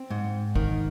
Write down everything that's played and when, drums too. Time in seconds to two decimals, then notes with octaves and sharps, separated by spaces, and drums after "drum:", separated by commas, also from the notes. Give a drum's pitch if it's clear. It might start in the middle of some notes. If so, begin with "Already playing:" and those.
Already playing: C4
0.10 G#2
0.56 D#3, drum: kick